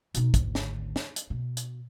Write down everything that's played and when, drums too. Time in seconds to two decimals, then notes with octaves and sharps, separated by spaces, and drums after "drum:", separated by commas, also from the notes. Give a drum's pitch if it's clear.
0.14 B2 D#4, drum: hi-hat
0.34 G#1 D2, drum: kick, hi-hat
0.55 drum: snare
0.96 drum: snare
1.16 drum: hi-hat
1.30 B2
1.57 drum: hi-hat